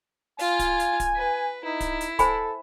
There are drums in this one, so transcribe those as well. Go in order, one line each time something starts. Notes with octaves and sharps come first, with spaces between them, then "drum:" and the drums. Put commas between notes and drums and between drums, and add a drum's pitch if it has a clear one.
F4 F5 G#5, drum: open hi-hat
drum: kick D1, hi-hat
drum: hi-hat
drum: kick D1, hi-hat
B4
D#4 E4
drum: kick D1, hi-hat
drum: hi-hat
A4 C5 G#5 B5, drum: kick D1, hi-hat